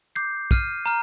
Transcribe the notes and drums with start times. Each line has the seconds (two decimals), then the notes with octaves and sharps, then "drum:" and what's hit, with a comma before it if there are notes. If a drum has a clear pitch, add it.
0.16 D6 G6 C7
0.51 F6 C7 D#7, drum: kick
0.86 A#5 F6